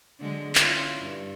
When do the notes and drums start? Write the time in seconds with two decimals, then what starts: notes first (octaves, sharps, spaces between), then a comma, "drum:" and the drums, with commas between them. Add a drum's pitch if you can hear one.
0.20 D3 F#3 G#3
0.55 C#4 E4 F4, drum: clap
1.00 G2